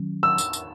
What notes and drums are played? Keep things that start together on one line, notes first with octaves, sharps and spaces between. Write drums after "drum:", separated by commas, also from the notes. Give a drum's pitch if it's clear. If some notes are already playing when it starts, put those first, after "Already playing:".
Already playing: D#3 F#3 C#4
E6
drum: tambourine
drum: tambourine